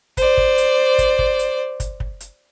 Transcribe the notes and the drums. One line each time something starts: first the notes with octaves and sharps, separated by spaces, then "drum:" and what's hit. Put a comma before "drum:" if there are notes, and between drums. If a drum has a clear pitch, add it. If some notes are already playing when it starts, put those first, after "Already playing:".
C5 D5, drum: kick, hi-hat
drum: kick
drum: hi-hat
drum: kick, hi-hat
drum: kick
drum: hi-hat
drum: kick, hi-hat
drum: kick
drum: hi-hat